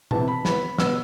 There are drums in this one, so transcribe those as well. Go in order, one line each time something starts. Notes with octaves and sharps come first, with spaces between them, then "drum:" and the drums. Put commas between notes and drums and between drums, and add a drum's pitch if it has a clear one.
C3 E3 B3 A5, drum: tom B2
B5
E3 B3 B5, drum: snare
B2 B3 E6, drum: snare